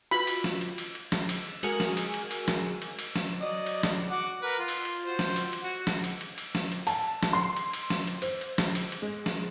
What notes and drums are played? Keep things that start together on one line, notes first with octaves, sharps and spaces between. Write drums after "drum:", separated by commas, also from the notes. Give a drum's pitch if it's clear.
F4 F#4 B4 B5, drum: cymbal
drum: cymbal
drum: snare
drum: cymbal
drum: cymbal
drum: cymbal
drum: snare
drum: cymbal
G#3 F#4 G#4 A#4 G#5 F6, drum: cymbal
drum: snare
drum: cymbal
drum: cymbal
drum: cymbal
drum: snare
drum: cymbal
drum: cymbal
drum: snare
F#3 D5 D#5
drum: cymbal
drum: snare
F#4 F#5 D6
A#4 B4 F#5
F4
drum: cymbal
drum: cymbal
F4 F#4 C5
drum: snare
drum: cymbal
drum: cymbal
F#4
drum: snare
drum: cymbal
drum: cymbal
drum: cymbal
drum: snare
drum: cymbal
A5, drum: cymbal
drum: snare
C6
drum: cymbal
drum: cymbal
drum: snare
drum: cymbal
C5, drum: cymbal
drum: cymbal
drum: snare
drum: cymbal
drum: cymbal
G#3
drum: snare